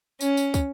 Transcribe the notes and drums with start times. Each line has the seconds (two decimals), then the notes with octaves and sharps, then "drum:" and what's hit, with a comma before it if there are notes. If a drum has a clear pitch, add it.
0.21 C#4, drum: tambourine
0.37 drum: tambourine
0.54 drum: kick, tambourine